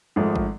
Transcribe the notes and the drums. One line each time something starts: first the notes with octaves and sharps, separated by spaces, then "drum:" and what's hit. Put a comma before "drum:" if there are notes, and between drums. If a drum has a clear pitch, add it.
G#1 G#2 F3 A3
drum: kick